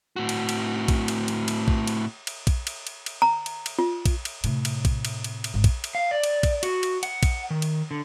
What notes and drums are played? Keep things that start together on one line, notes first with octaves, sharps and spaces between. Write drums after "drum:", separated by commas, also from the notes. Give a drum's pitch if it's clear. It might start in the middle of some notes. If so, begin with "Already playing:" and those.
A2 F#4
drum: cymbal
drum: cymbal
drum: kick A#1, cymbal
drum: cymbal
drum: cymbal
drum: cymbal
drum: kick A#1
drum: cymbal
drum: cymbal
drum: kick A#1, cymbal
drum: cymbal
drum: cymbal
drum: cymbal
A#5
drum: cymbal
drum: cymbal
F4
drum: kick A#1, cymbal
drum: cymbal
A2 C3, drum: cymbal
drum: cymbal
drum: kick A#1, cymbal
drum: cymbal
drum: cymbal
drum: cymbal
G#1
drum: kick A#1, cymbal
drum: cymbal
F5
D5
drum: cymbal
drum: kick A#1, cymbal
F#4, drum: cymbal
drum: cymbal
F#5, drum: cymbal
drum: kick A#1, cymbal
D#3
drum: cymbal
D3